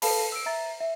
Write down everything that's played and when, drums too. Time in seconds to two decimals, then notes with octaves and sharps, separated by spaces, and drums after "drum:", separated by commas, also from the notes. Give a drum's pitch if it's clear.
0.02 A4 B4 F5 A5 B5, drum: open hi-hat
0.32 E6 D7
0.46 E5 A#5 A6
0.80 E5